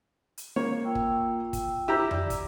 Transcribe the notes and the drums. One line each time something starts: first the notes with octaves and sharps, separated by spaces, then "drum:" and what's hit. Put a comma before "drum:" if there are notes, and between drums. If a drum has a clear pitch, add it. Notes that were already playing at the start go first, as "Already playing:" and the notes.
drum: hi-hat
A#3 C#5
F4 G5 E6
drum: kick
drum: kick, hi-hat
E4 G4 A#5 E6
D5, drum: tom F2
drum: kick, hi-hat